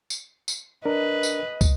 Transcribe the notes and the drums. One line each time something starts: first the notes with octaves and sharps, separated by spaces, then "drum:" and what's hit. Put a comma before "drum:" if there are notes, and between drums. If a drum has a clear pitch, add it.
drum: tambourine
drum: tambourine
D4 A#4 B4 D#5
drum: tambourine
drum: kick, tambourine